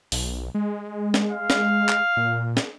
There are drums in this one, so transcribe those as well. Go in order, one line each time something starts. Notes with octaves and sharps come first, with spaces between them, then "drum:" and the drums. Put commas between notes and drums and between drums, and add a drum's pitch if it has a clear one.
B1, drum: open hi-hat
G#3
drum: snare
F5
drum: snare
drum: clap
A#2
drum: snare